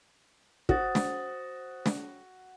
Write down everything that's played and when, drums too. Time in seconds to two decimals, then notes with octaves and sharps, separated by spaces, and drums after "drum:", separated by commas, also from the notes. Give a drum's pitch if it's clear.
0.69 F#4 C5 D#6 A6, drum: kick
0.95 drum: snare
1.86 drum: snare